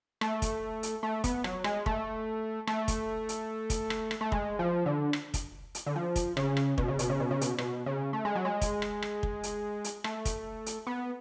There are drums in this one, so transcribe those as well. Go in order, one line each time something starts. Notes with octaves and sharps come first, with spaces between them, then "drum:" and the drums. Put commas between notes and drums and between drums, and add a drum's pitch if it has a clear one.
A3, drum: rim click
drum: kick, hi-hat
drum: hi-hat
A3
B3, drum: kick, hi-hat
F#3, drum: rim click
G#3, drum: rim click
A3, drum: kick
A3, drum: rim click
drum: kick, hi-hat
drum: hi-hat
drum: kick, hi-hat
drum: rim click
drum: rim click
A3
G#3, drum: kick
F3
D3
drum: rim click
drum: kick, hi-hat
drum: hi-hat
D3
F3
drum: kick, hi-hat
C#3, drum: rim click
drum: rim click
B2, drum: kick
C#3
B2, drum: hi-hat
C#3
B2
C#3
B2, drum: hi-hat
B2, drum: rim click
C#3
A3
G#3
F#3
G#3
drum: kick, hi-hat
drum: rim click
drum: rim click
drum: kick
drum: hi-hat
drum: hi-hat
A3, drum: rim click
drum: kick, hi-hat
drum: hi-hat
B3